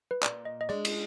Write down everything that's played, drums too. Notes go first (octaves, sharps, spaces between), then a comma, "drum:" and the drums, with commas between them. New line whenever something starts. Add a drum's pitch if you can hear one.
B4
A#2 D5, drum: clap
D#5
D#5
G#3 D4 D5
drum: cymbal